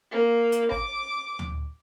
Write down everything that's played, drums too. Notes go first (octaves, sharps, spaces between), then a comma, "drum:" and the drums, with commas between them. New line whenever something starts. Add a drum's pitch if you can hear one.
A#3
drum: hi-hat
D6, drum: kick
drum: tom